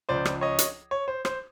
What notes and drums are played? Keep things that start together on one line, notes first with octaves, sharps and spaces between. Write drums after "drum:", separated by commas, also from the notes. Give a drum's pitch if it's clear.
C#2 C#3 F3 C5 D5
drum: rim click
C#5 D#5
drum: hi-hat
C#5
C5
C5, drum: rim click